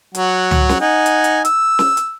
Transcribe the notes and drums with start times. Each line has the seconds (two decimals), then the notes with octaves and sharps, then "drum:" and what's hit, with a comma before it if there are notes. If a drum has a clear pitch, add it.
0.15 F#3 F#5, drum: hi-hat
0.51 drum: tom
0.69 drum: snare
0.80 D#4 F#5 G#5
1.06 drum: hi-hat
1.24 drum: hi-hat
1.45 E6, drum: hi-hat
1.79 drum: snare
1.97 drum: hi-hat